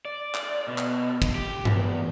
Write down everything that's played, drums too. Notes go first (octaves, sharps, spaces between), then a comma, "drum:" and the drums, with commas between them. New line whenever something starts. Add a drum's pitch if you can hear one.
D5
drum: clap
B2
drum: clap
drum: kick, cymbal
G4
E2, drum: tom G2